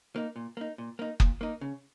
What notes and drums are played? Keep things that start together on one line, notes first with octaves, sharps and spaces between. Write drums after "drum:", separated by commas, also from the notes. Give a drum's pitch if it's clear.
A#3 D#4
A#2
A#3 D#4
A#2
A#3 D#4
A#2, drum: kick F#1
A#3 D#4
C#3